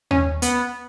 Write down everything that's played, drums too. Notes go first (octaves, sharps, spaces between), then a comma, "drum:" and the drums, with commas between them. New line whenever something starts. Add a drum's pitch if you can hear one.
C#4, drum: tom D#2
B3, drum: hi-hat